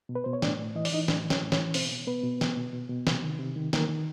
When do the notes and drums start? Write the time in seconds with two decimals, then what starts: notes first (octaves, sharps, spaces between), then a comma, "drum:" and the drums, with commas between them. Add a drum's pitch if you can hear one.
0.09 B2
0.15 B4
0.24 B2 C5
0.33 C#5
0.42 A2 D4 D5, drum: snare
0.59 A2
0.76 E3 D#5
0.85 D5, drum: open hi-hat
0.92 E3 D#4 D#5
1.08 A2 D4 D5, drum: snare
1.25 E3
1.30 C#4 C#5, drum: snare
1.41 A2
1.52 C#4 C#5, drum: snare
1.58 E3
1.74 B2 C4 C5, drum: open hi-hat
1.91 B2
2.07 B2 B3 B4
2.24 B2
2.41 B2, drum: snare
2.57 B2
2.73 B2
2.90 B2
3.07 C3, drum: snare
3.23 D#3
3.39 C3
3.56 D#3
3.73 D#3 A#3 A#4, drum: snare
3.89 D#3